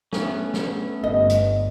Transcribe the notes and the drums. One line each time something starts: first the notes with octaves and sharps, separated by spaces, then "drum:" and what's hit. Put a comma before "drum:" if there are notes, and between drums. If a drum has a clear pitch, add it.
A3 B3 C#4, drum: snare
drum: snare
G1 D#5
drum: hi-hat